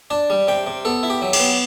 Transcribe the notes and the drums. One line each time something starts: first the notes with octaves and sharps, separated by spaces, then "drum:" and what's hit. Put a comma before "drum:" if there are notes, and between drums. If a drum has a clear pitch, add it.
D4 A5
G3
C3 G5
C3
B3 A4
E4
G4
F#3
G4, drum: cymbal
B3